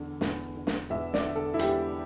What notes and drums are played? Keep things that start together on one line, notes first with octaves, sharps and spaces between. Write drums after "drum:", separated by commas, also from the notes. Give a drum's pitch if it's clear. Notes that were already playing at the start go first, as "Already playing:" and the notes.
Already playing: E2 D3
E2, drum: snare
D3
drum: snare
E2 E5
D5, drum: snare
D3
A4
E4
E2 G4, drum: hi-hat